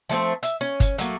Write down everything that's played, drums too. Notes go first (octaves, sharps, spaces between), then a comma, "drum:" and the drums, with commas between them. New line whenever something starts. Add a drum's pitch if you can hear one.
F3 A3 B3 C4
E5, drum: hi-hat
C#4
drum: kick G1, hi-hat
F#3 A3 A#3, drum: hi-hat